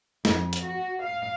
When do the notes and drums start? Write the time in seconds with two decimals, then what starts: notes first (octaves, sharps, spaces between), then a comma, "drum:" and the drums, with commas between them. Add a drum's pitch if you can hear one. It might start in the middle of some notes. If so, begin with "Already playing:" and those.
0.25 F2, drum: snare
0.53 drum: hi-hat
0.63 F#4
1.03 F5